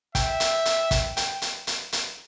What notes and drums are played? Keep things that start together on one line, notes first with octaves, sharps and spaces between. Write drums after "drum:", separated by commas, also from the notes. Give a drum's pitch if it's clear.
E5 G5, drum: kick, hi-hat
drum: hi-hat
drum: hi-hat
drum: kick, hi-hat
G5, drum: hi-hat
drum: hi-hat
drum: hi-hat
drum: hi-hat